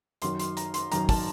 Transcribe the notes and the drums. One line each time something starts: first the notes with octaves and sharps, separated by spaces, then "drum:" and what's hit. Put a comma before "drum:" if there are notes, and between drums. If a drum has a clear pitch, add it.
F#2 D#3 F#3 C6, drum: hi-hat
C6, drum: hi-hat
A#5, drum: hi-hat
C6, drum: hi-hat
F#2 D#3 F#3 A#5, drum: hi-hat
A5, drum: kick, open hi-hat